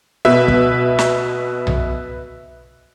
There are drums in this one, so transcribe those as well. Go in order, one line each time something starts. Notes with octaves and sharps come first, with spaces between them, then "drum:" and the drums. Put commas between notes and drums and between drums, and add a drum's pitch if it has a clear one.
B2 B4 E5
drum: kick
drum: snare
drum: tom B1